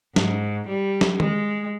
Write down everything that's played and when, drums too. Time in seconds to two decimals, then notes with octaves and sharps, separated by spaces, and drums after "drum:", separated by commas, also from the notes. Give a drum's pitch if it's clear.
0.16 G#2, drum: snare
0.68 G3
1.01 drum: snare
1.20 G#3, drum: tom D#3